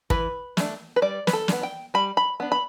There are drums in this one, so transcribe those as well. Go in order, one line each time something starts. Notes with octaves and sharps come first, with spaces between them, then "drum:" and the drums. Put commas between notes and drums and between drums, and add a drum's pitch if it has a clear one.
E3 B4, drum: kick
A3 D4, drum: snare
B4
G3 D5
B4, drum: snare
A4
B3 D4, drum: snare
G5
G3 B5
B5
B3 D4
B5